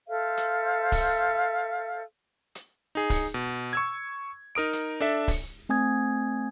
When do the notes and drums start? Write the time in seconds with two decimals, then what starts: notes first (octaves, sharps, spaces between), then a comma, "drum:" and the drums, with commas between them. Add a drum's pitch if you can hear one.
0.07 A4 C5 E5 F5
0.38 drum: hi-hat
0.92 drum: kick C#1, open hi-hat
2.55 drum: hi-hat
2.95 D#4 G#4
3.10 drum: kick C#1, open hi-hat
3.34 B2
3.73 C#6 E6 G#6
4.55 D#4 A#4 D#6 D7
4.73 drum: hi-hat
5.01 D4 A4 E5
5.28 drum: kick C#1, open hi-hat
5.69 A3 C4 G#5 D#6 G#6